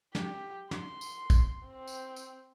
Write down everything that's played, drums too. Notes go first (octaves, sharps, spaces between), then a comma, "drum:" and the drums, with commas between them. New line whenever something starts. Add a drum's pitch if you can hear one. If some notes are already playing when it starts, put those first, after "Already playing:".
G4, drum: snare
C6, drum: snare
drum: tambourine
drum: kick, tambourine
C4
drum: tambourine
drum: tambourine